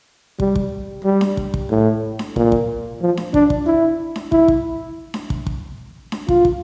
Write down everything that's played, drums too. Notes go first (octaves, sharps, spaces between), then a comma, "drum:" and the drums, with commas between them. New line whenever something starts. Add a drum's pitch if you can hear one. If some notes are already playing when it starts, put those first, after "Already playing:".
G3, drum: kick
drum: kick
G3
drum: snare D4
drum: kick
drum: kick
A2
drum: snare D4
A#2, drum: kick
drum: kick
F3
drum: snare D4
D4, drum: kick
drum: kick
E4
drum: snare D4
E4, drum: kick
drum: kick
drum: snare D4
drum: kick
drum: kick
drum: snare D4
F4, drum: kick
drum: kick